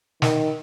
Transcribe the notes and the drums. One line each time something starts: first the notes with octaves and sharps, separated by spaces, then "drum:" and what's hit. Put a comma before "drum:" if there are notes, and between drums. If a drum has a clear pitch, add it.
D#3, drum: snare